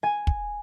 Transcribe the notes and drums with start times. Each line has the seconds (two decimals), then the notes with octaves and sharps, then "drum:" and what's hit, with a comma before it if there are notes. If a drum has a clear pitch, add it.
0.03 G#5
0.27 drum: kick